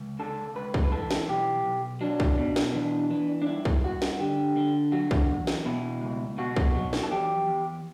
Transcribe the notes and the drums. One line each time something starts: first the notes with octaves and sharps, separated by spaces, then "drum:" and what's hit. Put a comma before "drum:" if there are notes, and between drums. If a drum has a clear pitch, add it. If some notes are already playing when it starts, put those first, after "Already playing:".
Already playing: C#2
C#3 A4
C#2 B4
drum: kick
B4
E3 A4
drum: snare
B1 G4
B1
F#3 D4
drum: kick
B2
drum: snare
E3 D4
E3
D4
G2 E4
drum: kick
G2 F#4
drum: snare
D3 G4
D3
F#3 F#4
drum: kick
E2
drum: snare
B2 E4
C#2
B2 F#4
drum: kick
F#3
drum: snare
A4
E2 G4
E2